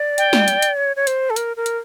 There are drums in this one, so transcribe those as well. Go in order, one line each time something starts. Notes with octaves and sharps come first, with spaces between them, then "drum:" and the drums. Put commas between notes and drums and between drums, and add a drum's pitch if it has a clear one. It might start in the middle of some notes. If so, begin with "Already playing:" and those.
Already playing: D5
G5, drum: hi-hat
drum: snare
drum: hi-hat
drum: hi-hat
C#5
C#5
C5, drum: hi-hat
A4
A#4, drum: hi-hat
A#4
drum: hi-hat